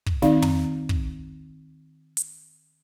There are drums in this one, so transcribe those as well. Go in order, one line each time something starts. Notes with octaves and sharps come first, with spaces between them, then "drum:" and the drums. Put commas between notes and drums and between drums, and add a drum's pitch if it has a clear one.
drum: kick
D#3 C4 D#4 D5 F5, drum: snare
A#5, drum: tom
drum: kick
drum: hi-hat